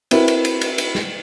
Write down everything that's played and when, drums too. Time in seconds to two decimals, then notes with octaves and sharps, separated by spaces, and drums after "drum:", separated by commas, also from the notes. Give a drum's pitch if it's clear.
0.11 C4 E4 F#4 A#4 B4, drum: cymbal
0.28 drum: cymbal
0.45 drum: cymbal
0.61 drum: cymbal
0.78 drum: cymbal
0.95 drum: snare